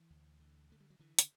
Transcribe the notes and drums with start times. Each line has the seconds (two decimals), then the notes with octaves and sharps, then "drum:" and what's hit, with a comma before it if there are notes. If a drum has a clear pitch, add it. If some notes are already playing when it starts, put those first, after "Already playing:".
Already playing: E3
0.10 D2
0.40 D3
0.70 D3 A3
0.80 G3
0.90 F#3
0.99 D3 E3
1.19 D3, drum: hi-hat